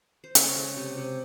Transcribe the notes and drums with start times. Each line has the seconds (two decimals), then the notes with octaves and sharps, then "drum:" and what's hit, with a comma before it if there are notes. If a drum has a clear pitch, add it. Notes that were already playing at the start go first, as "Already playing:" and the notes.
0.24 C5
0.35 C#3 A4 C#5, drum: hi-hat
0.56 G#3
0.77 C3
0.97 C3